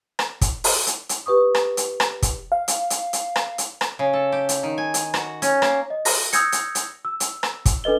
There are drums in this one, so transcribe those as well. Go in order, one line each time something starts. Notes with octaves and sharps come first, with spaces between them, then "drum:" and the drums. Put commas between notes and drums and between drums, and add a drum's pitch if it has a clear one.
drum: rim click
drum: kick, hi-hat
drum: open hi-hat
drum: hi-hat
drum: hi-hat
G4 B4 C#6 D#6
drum: rim click
drum: hi-hat
drum: rim click
drum: kick, hi-hat
F5
drum: hi-hat
drum: hi-hat
drum: hi-hat
drum: rim click
drum: hi-hat
drum: rim click
C#3
A4
G4
drum: hi-hat
D#3
G#5
drum: hi-hat
F#4, drum: rim click
C#4, drum: hi-hat
A#3, drum: rim click
D#5
A#6, drum: open hi-hat
D#6 E6 G6 G#6 A#6 C#7, drum: hi-hat
drum: hi-hat
drum: hi-hat
E6
drum: hi-hat
drum: rim click
drum: kick, hi-hat
D4 A4 B4 D#5 G7